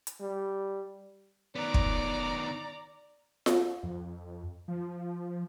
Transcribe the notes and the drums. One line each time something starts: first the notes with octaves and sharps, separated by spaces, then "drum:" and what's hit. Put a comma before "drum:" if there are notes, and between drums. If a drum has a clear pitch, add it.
drum: hi-hat
G3
D#3 B3 D5 A#5
drum: kick
drum: snare F4
F2
F3